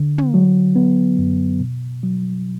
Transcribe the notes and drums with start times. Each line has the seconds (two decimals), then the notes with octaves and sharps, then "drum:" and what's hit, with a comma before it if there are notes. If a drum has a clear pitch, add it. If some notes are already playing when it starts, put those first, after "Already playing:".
Already playing: D3
0.18 drum: tom
0.34 F#3
0.76 B3
1.19 F#2
1.60 B2
2.03 F#3